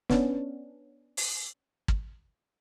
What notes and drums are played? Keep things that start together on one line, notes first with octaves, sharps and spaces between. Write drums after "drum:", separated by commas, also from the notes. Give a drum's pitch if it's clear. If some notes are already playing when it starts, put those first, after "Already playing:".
B3 C#4 D4, drum: snare
drum: open hi-hat
drum: kick